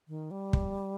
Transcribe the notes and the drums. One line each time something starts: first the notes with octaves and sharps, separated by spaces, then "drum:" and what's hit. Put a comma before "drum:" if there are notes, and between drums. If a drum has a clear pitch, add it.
D#3
G3
drum: kick